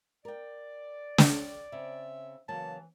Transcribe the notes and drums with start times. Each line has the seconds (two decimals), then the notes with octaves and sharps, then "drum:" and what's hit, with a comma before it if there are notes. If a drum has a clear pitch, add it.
0.25 A#4 D5 G5
1.18 drum: snare
1.72 C#3 C4 E5
2.48 C#3 E3 F#3 A#3 A5